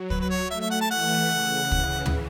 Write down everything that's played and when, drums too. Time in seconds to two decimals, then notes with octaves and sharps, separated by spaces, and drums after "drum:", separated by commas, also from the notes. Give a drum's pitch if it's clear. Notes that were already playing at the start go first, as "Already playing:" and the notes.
Already playing: F#3
0.10 B4, drum: kick
0.20 B4
0.30 C#5
0.50 A3 E5
0.60 E5
0.70 F#5
0.81 A5
0.91 E3 F#5
1.30 C#3
1.71 E3, drum: kick
2.06 drum: tom